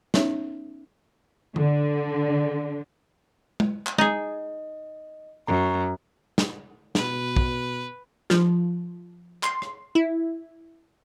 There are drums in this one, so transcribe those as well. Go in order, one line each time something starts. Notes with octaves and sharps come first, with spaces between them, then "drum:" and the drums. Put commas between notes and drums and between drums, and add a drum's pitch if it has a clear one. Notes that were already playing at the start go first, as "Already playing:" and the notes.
B3 C#4 D#4 C#5 E5, drum: snare
D3, drum: tom D3
drum: tom G#3
drum: clap
D#4 G#4 D#5, drum: tom G#3
F#2 A#5
drum: snare
B2 B4, drum: snare
drum: kick
F3, drum: snare
C6, drum: clap
drum: rim click
E4